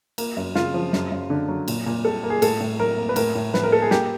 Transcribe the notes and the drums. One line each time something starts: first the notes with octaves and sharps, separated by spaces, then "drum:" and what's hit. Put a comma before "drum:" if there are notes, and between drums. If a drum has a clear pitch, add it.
A#3, drum: cymbal
F#2
C#3 F4, drum: snare
F3
F#2, drum: snare
F#2
D3
F#3
A#2, drum: cymbal
A#2
G3 A4
A#3
G#4
A2 A4, drum: cymbal
A2
F#3 A#4
A#3
B4
A2 A#4, drum: cymbal
A2
F3 B4, drum: snare
A#4
A#3 A4
G#4
A#3 G4, drum: snare